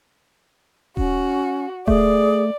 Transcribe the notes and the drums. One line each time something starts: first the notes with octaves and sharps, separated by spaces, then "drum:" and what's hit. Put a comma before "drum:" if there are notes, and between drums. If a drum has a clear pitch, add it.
C#4 F#4, drum: kick D#1
A3 G#4 D5, drum: kick D#1